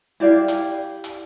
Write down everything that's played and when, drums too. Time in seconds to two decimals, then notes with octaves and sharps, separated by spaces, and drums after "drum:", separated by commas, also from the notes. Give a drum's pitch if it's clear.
0.20 E4 G4 D5 F5
0.48 drum: hi-hat
1.04 drum: hi-hat